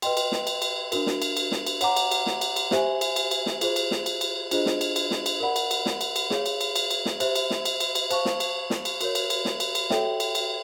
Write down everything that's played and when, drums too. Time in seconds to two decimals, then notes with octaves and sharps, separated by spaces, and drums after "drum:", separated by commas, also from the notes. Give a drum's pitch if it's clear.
0.02 B4 D#5 G5 C6, drum: cymbal
0.17 drum: cymbal
0.32 drum: snare
0.47 drum: cymbal
0.62 drum: cymbal
0.92 D4 F#4 A#4, drum: cymbal
1.07 drum: snare
1.22 drum: cymbal
1.37 drum: cymbal
1.52 drum: snare
1.66 drum: cymbal
1.81 C#5 F#5 A#5 D6, drum: cymbal
1.96 drum: cymbal
2.11 drum: cymbal
2.26 drum: snare
2.41 drum: cymbal
2.56 drum: cymbal
2.71 G4 C5 E5 G#5, drum: snare
3.01 drum: cymbal
3.16 drum: cymbal
3.31 drum: cymbal
3.46 drum: snare
3.61 F4 G#4 C5, drum: cymbal
3.76 drum: cymbal
3.91 drum: snare
4.06 drum: cymbal
4.21 drum: cymbal
4.51 D4 F4 G#4 C5 D#5, drum: cymbal
4.66 drum: snare
4.81 drum: cymbal
4.96 drum: cymbal
5.11 drum: snare
5.26 drum: cymbal
5.40 A#4 D5 F#5 B5
5.56 drum: cymbal
5.71 drum: cymbal
5.86 drum: snare
6.01 drum: cymbal
6.16 drum: cymbal
6.30 G#4 C#5 F5, drum: snare
6.46 drum: cymbal
6.61 drum: cymbal
6.76 drum: cymbal
6.91 drum: cymbal
7.06 drum: snare
7.20 G4 C5 E5, drum: cymbal
7.35 drum: cymbal
7.50 drum: snare
7.65 drum: cymbal
7.80 drum: cymbal
7.95 drum: cymbal
8.11 C5 F5 A5 C#6, drum: cymbal
8.25 drum: snare
8.40 drum: cymbal
8.70 drum: snare
8.85 drum: cymbal
9.01 F#4 A#4 C#5, drum: cymbal
9.15 drum: cymbal
9.30 drum: cymbal
9.45 drum: snare
9.60 drum: cymbal
9.75 drum: cymbal
9.90 F#4 A4 C#5 E5 G5, drum: snare
10.20 drum: cymbal
10.35 drum: cymbal